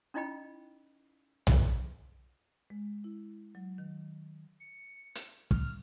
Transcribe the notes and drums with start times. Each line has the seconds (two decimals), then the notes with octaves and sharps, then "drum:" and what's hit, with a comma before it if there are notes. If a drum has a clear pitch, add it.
0.14 C#4 D#4 E4 D#5 G5 B5
1.47 drum: tom B1
2.70 G#3
3.04 E4
3.55 F#3
3.78 D#3
4.60 C#7
5.15 drum: hi-hat
5.51 F6, drum: kick